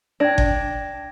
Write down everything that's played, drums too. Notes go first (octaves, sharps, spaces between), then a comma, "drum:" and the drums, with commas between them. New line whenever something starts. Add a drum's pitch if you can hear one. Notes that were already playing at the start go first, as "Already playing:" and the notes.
D4 G5 G#6 A#6
drum: kick G1